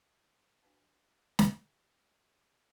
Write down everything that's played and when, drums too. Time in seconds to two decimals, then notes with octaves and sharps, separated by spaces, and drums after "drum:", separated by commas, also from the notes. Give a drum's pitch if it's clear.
0.62 D4 F#4 B4 F5 F#5 A5
1.39 drum: snare